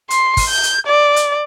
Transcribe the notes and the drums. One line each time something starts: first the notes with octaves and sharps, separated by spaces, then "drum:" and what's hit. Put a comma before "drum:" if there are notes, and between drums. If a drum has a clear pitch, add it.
C6, drum: hi-hat
drum: kick, open hi-hat
G6
drum: hi-hat
D5
drum: hi-hat